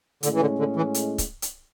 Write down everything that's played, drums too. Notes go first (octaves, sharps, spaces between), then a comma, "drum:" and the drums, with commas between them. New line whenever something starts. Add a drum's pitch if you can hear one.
A2 D3 G#3 C#4, drum: hi-hat
E3
D3
D3
E3
drum: hi-hat
drum: kick C#1, hi-hat
drum: hi-hat